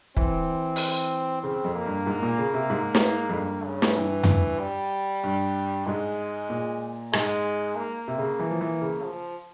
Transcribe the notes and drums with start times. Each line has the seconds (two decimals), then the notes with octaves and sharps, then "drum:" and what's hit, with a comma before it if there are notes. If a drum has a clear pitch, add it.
0.17 E3 C4, drum: kick
0.76 drum: open hi-hat
1.43 C#3 C4
1.64 F2
1.75 A#3
1.86 G2
2.06 G#2
2.23 A#2
2.38 C#3
2.54 C3
2.70 G#2
2.95 drum: snare
3.29 F2
3.33 G2 A#3
3.65 C#3
3.82 drum: snare
3.96 G2 E3
4.23 drum: tom F2
4.60 G3
5.24 G2
5.87 G#2 G#3
6.50 A#2
7.13 G#2 G#3, drum: rim click
7.76 A#3
8.08 C3
8.18 C#3
8.39 E3
8.51 F3
8.61 E3
8.82 C#3
9.03 F3